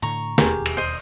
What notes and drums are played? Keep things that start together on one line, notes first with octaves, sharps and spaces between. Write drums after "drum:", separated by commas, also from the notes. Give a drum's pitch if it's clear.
A2 D3 A#5 C#6
E1 D#2 G4 G#4 A#4, drum: snare
drum: cymbal
C5 D#5